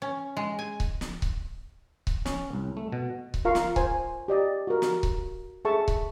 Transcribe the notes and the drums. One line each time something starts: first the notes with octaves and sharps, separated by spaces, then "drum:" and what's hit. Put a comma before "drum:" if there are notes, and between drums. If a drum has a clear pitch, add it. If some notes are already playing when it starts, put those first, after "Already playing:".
C#4
G#3
G#5
drum: kick C#1
drum: snare
drum: kick C#1
drum: kick C#1
C#4, drum: snare
C2
A3
B2
drum: kick C#1
F4 A#4 F5 A#5 C#6
drum: snare
C5 G#5, drum: kick C#1
G4 D5 D#5
F#4 A#4
drum: snare
drum: kick C#1
G#4 A4 E5 A5 C#6
drum: kick C#1